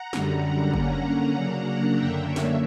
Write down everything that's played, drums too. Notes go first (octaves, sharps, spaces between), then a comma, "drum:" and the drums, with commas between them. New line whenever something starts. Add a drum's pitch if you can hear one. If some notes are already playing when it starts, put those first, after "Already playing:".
Already playing: F#5 A#5
F#2 D3 G3, drum: snare
D3 A#3 C#4, drum: kick
C#3 F#3 A#3 D4
F#2 D3 A#3 D4 E5 G5
C#5 E5
drum: snare